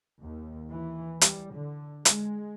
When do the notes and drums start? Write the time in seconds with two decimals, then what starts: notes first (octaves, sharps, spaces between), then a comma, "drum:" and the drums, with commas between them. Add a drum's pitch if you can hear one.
0.21 D#2
0.70 E3
1.21 G3, drum: hi-hat
1.54 D3
2.05 G#3, drum: hi-hat